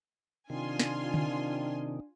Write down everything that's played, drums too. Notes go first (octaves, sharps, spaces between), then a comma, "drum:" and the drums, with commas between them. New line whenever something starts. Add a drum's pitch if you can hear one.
C3 D#3 D4 F4 G#5 C6
drum: snare
drum: tom D3